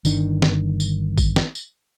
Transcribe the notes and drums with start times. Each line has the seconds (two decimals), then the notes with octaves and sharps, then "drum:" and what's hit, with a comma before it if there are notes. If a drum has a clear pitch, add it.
0.05 G1 D#3 D4, drum: tambourine
0.42 drum: snare
0.80 drum: tambourine
1.18 drum: kick A1, tambourine
1.36 drum: snare
1.55 drum: tambourine